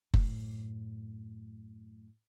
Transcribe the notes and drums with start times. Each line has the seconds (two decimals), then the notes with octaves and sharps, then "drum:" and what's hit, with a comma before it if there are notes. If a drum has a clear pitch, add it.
0.14 F#2 A2, drum: kick F#1